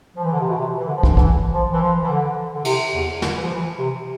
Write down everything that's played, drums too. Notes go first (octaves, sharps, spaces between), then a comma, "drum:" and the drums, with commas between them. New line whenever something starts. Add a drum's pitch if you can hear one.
F3
E3
D3
C3
B2
C3
E3
D3
F3
E3, drum: kick
D3
E3, drum: kick
F3
E3
F3
E3
D3
D3
C3, drum: cymbal
E2
D3, drum: snare
E3
F3
E3
C3